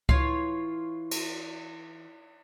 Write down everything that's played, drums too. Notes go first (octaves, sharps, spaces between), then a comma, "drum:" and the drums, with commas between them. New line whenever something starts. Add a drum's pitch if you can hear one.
E3 F4 C#5, drum: kick C#2
drum: cymbal